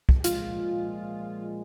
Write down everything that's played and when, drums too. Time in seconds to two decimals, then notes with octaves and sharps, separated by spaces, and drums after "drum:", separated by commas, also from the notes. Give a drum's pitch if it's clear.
0.09 drum: kick
0.24 A#2 F3 G#3 F4, drum: hi-hat